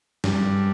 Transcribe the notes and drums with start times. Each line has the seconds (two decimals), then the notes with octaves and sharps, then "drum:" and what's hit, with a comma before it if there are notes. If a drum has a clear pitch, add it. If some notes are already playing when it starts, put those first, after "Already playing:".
0.24 G2, drum: snare